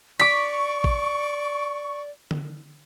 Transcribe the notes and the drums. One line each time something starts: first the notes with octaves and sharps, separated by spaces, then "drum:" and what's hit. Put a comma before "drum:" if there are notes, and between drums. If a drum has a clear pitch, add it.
D5 C#6 D6 B6, drum: cymbal
drum: kick A1
drum: tom D3